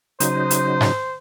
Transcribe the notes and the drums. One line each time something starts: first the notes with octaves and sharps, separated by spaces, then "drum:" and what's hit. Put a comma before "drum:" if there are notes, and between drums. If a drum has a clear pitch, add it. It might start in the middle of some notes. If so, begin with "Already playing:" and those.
C#3 F#3 D#4 C5, drum: hi-hat
drum: hi-hat
drum: snare G#2